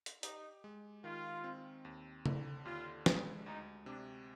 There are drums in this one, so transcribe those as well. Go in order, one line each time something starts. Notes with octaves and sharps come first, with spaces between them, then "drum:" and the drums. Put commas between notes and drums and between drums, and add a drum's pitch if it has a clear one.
drum: hi-hat
D#4 G4, drum: hi-hat
G#3
D#3 F4
C4
D#2
D3, drum: tom
D#2 F4
G#3, drum: snare
D2 D#4
C3 D4